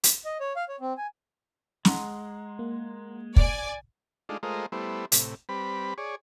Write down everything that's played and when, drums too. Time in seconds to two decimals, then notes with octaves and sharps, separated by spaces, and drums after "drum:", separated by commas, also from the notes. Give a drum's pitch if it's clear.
0.04 drum: hi-hat
0.25 D#5
0.40 C#5
0.56 F5
0.69 C#5
0.80 C4
0.97 G#5
1.85 G#3 F#5 A#5 C6, drum: snare
2.59 A#3
3.36 D5 G#5, drum: kick
4.29 G#3 A3 D4 D#4 F4
4.43 G#3 A3 F4 A#4 C5 D#5
4.72 G3 A3 B3 E4 C5
5.12 A2 C3, drum: hi-hat
5.49 G3 C4 B4 B5
5.98 G#4 C#5 D5